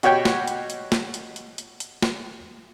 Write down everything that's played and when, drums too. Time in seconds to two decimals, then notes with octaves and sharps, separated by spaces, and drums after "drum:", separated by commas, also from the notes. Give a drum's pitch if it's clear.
0.03 B2 F#4 G4 C#5 G5, drum: hi-hat
0.25 drum: snare
0.47 drum: hi-hat
0.70 drum: hi-hat
0.92 drum: snare
1.14 drum: hi-hat
1.36 drum: hi-hat
1.58 drum: hi-hat
1.80 drum: hi-hat
2.02 drum: snare